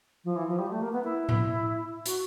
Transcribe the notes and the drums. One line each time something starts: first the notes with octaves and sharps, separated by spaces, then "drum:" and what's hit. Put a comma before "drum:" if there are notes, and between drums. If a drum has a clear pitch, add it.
F3
E3
F3
G3
A3
A#3
B3
E4
drum: tom A2
F#4, drum: hi-hat